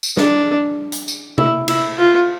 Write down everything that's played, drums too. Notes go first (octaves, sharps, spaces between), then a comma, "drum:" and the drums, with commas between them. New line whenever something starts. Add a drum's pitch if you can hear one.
drum: tambourine
D4, drum: snare
drum: hi-hat
drum: tambourine
E4, drum: tom C3
E4, drum: cymbal
F4